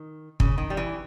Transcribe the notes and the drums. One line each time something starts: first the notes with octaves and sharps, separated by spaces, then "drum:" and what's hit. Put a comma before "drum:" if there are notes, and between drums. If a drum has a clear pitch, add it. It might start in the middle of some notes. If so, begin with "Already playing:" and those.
Already playing: D#3
C#3, drum: kick
D#3
G3
E3